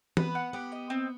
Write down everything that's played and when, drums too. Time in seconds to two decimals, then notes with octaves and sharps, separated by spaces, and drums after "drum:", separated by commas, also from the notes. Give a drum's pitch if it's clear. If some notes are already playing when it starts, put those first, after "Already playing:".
0.17 B3 B4, drum: tom
0.35 F#5
0.53 B3 G4
0.72 D#5
0.90 C4